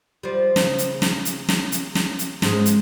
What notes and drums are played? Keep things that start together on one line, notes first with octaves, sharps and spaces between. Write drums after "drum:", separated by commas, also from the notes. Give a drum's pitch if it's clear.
F3 G3
C#3, drum: snare
drum: hi-hat
drum: snare
drum: hi-hat
drum: snare
drum: hi-hat
drum: snare
drum: hi-hat
G#2 G#3, drum: snare
drum: hi-hat